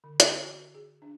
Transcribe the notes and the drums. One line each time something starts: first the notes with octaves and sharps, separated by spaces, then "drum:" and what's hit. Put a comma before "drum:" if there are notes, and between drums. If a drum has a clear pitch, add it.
D3
G5, drum: hi-hat
F#4
G#4
D4